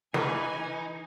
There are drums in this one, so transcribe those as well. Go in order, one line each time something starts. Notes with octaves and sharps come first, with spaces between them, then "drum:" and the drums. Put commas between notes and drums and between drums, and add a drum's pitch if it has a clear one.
E3 D#4 B4 G#5, drum: snare